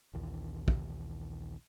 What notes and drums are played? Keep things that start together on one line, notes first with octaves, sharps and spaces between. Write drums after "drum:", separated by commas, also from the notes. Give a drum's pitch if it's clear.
A#1 D#2 E3
drum: kick